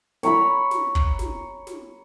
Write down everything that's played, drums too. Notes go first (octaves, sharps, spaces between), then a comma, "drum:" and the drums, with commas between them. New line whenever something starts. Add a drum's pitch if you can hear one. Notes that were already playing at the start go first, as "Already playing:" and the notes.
C#5 A#5 B5, drum: snare
drum: snare
drum: kick
drum: snare
drum: snare